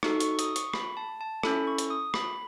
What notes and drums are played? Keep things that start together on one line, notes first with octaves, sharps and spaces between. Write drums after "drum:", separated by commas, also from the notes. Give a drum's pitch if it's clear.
D#4 F#4 A4 C#6, drum: rim click
C#6, drum: hi-hat
D#6, drum: hi-hat
C#6, drum: hi-hat
B5, drum: rim click
A5
A5
C#4 E4 A4 B5, drum: rim click
C#6
drum: hi-hat
D#6
B5, drum: rim click